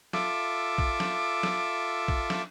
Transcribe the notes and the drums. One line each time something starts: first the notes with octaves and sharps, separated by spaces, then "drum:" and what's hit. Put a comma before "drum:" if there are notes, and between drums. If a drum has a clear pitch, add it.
F4 A4 E5 D6, drum: snare
drum: kick A#1
drum: snare
drum: snare
drum: kick A#1
drum: snare